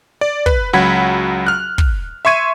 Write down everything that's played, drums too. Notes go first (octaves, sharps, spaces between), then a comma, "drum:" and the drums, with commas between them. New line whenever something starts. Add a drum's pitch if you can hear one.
D5
B4, drum: kick
C#2 F#3 F#5 B5 G#6 B6
F6 F#6
drum: kick
E5 C6 C#6 G#6 D#7